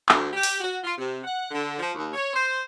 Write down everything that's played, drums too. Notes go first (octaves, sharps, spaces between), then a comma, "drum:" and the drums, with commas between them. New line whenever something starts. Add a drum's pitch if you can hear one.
D2, drum: clap
G4
drum: open hi-hat
F#4
F4
C3
F#5
D3
F3
D#2
C#5
C5